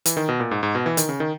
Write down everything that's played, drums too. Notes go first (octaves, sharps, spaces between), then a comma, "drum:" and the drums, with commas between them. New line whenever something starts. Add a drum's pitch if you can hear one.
E3, drum: hi-hat
D#3
B2
A#2
G#2
G#2
B2
E3
D#3, drum: hi-hat
C#3
D#3